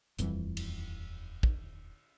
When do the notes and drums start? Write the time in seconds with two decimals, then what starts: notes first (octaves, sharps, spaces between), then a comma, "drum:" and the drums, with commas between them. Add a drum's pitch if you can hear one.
0.19 D#1 F2 E3 G3, drum: hi-hat
0.57 drum: cymbal
1.43 drum: kick